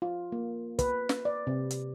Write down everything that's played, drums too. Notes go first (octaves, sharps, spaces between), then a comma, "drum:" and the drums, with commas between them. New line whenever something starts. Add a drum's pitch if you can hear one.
F4
A#3
B4, drum: kick, hi-hat
drum: snare
D5
C3
drum: hi-hat